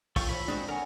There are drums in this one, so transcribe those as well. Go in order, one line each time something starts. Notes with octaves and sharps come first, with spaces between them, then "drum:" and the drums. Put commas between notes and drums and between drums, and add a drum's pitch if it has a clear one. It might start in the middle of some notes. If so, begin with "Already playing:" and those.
F4 G4 A4 F5 C#6, drum: kick, open hi-hat
E3 F3 B5
G#3 C4 D4 F#4
D3 A#4 C#5 F#5 G#5